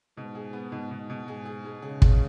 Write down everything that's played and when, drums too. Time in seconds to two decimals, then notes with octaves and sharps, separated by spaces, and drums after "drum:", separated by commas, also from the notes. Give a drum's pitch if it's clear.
0.17 G#2 B2
0.35 G#4
0.53 B3
0.72 G#2 B2
0.91 B2
1.10 B2
1.28 G#2 G#4
1.45 G#4
1.65 G#3
1.82 C#3 G#4
2.02 G#3, drum: kick